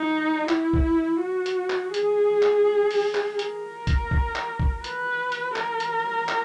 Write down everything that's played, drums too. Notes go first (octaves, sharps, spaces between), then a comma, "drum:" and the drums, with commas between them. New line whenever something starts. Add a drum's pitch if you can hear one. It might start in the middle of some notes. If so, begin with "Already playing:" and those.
Already playing: D#4
E4, drum: clap
drum: kick
F#4
drum: hi-hat
drum: clap
G#4, drum: hi-hat
drum: clap
drum: open hi-hat
drum: clap
A#4, drum: hi-hat
drum: kick, hi-hat
drum: kick
drum: clap
drum: kick
B4, drum: hi-hat
drum: hi-hat
A#4, drum: clap
drum: hi-hat
drum: clap